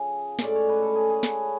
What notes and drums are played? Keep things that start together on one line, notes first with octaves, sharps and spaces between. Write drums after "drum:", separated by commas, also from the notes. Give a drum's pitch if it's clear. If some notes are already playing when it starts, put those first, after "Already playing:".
Already playing: C#3 F3 C#4 G#4
A2 G#3 C#4 D5, drum: snare
C#5
B4
A4
G#4
G#4
C#3 G#3 C#4, drum: snare